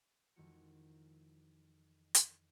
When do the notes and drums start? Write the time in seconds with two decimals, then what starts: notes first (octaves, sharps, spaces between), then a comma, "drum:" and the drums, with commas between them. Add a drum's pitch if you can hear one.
0.36 F2 D#3 E3 G#3 F#4 C#7
2.15 drum: hi-hat